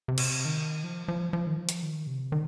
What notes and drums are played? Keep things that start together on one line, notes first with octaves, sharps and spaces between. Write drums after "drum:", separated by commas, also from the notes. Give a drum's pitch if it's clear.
C3
drum: cymbal
D#3
F3
F3
F3
D#3
F3
drum: hi-hat
D#3
C3
D#3